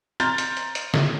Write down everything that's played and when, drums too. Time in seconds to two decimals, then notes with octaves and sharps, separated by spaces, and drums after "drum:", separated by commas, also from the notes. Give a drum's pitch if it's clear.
0.20 A#5 C6 F6 G6 A6, drum: hi-hat
0.38 drum: hi-hat
0.57 drum: hi-hat
0.75 drum: hi-hat
0.94 drum: snare